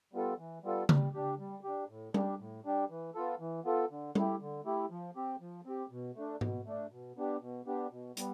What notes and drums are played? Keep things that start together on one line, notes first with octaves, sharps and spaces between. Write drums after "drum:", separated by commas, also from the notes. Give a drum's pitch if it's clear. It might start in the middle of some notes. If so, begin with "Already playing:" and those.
G3 B3 F4 A4
E3
G3 B3 F4 A4
G3, drum: tom C#3
D4 G4
G3
D4 G4
A2
G3 D4 G4, drum: tom G3
A2
G3 D4 G4
E3
B3 F4 A4
E3
B3 F4 A4
D3
A3 E4 G4, drum: tom G3
D3
A3 E4 G4
F3
C4 G4
F3
C4 G4
B2
A3 D4
B2, drum: tom G#2
A3 D4
B2
B3 D4 G4
B2
B3 D4 G4
B2
G3 B3, drum: hi-hat